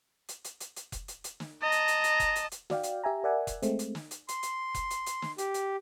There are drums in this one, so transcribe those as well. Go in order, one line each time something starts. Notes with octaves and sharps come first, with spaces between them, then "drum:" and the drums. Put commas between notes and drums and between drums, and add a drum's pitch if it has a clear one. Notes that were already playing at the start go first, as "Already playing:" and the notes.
drum: hi-hat
drum: hi-hat
drum: hi-hat
drum: hi-hat
drum: kick F1, hi-hat
drum: hi-hat
drum: hi-hat
drum: snare
D#5 A5 A#5
drum: hi-hat
drum: hi-hat
drum: hi-hat
drum: kick F1, hi-hat
drum: hi-hat
drum: hi-hat
F#4 D5 F5 G5, drum: snare
drum: hi-hat
G4 E5 G#5 A#5
A#4 D5 E5 F#5 G#5
drum: kick F1, hi-hat
G#3 A3 C4, drum: hi-hat
drum: hi-hat
drum: snare
drum: hi-hat
C6, drum: hi-hat
drum: hi-hat
drum: kick F1, hi-hat
drum: hi-hat
drum: hi-hat
drum: snare
G4, drum: hi-hat
drum: hi-hat